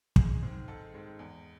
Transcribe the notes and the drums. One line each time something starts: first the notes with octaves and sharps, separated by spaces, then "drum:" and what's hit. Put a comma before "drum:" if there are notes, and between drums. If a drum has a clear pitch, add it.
G#2 G#4, drum: kick
D#3 G#3 C4
G#2 A4
D#3 G#3 C4
E2